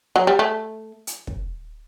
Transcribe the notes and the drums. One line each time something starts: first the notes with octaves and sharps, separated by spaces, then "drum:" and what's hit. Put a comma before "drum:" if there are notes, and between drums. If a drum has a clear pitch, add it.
F#3
G3
A3
drum: hi-hat
drum: kick